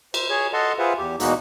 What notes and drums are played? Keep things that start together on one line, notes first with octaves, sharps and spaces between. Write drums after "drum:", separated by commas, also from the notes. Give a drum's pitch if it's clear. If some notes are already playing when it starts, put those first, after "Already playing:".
C5, drum: cymbal
G#4 C#5
A4 D#5 F#5 A5 C6
F4 G#4 B4 C5 E5 F#5
E2 G4
E2 B2 G#3 A#3 D#4 F#4, drum: hi-hat